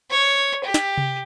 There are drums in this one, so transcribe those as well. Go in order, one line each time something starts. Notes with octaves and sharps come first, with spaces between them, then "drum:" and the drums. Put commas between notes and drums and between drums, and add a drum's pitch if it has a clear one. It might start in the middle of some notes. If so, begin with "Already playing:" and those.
C#5
G4
drum: snare
drum: tom C3